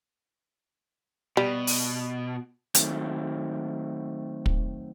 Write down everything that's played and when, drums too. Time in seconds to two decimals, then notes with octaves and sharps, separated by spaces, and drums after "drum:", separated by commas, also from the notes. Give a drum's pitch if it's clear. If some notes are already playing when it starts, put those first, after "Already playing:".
1.37 B2 G3
1.67 drum: open hi-hat
2.75 D#3 F#3 A3 C4, drum: hi-hat
4.46 drum: kick